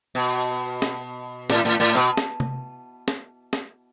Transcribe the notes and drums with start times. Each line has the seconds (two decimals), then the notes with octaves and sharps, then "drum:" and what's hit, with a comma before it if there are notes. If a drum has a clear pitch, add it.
0.15 B2
0.82 drum: snare
1.50 A2, drum: snare
1.65 A2
1.80 A2
1.95 B2
2.17 drum: snare
2.40 drum: tom C3
3.08 drum: snare
3.53 drum: snare